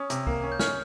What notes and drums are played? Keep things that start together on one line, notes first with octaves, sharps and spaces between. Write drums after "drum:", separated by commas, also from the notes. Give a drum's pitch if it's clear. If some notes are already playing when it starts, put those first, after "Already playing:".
Already playing: C#4 D#6
C3, drum: hi-hat
A#3, drum: kick C#2
C#4
G6
C#4 F6, drum: snare